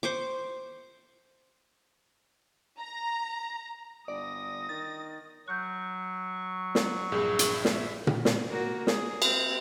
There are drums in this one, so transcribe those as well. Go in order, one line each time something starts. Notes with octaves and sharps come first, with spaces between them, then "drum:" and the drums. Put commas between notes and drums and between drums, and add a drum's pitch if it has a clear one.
C5 C#6 D6
A#5
G1 D5 D#6 A#6
D#3 A6
F#3 C#6 F#6 G6
drum: snare
A#1 G2 G#4
drum: hi-hat
E5
drum: snare
drum: tom A#2
drum: snare
A#3 F#4
G#4, drum: snare
C4, drum: cymbal